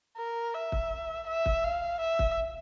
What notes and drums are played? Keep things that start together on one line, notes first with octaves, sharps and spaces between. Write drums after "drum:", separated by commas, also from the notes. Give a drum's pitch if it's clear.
A#4
E5
drum: kick
E5
drum: kick
F5
E5
drum: kick